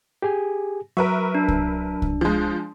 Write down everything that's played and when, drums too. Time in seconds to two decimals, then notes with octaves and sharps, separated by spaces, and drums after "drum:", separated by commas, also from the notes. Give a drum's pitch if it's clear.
0.22 G4 G#4 G#5
0.97 F#3 A#4 B4 E5 C#6
1.35 D4
1.48 drum: kick C2
2.02 drum: kick C2
2.21 F3 G#3